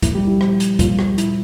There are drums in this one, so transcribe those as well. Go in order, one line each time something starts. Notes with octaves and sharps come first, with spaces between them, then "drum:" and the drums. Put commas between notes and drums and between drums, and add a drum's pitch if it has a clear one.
A#2 F3 A#3 E4, drum: kick D2, hi-hat
G3 G4
E4
drum: rim click
drum: hi-hat
A#2 F3 G3 A#3 F4, drum: kick D2, hi-hat
drum: rim click
E4, drum: hi-hat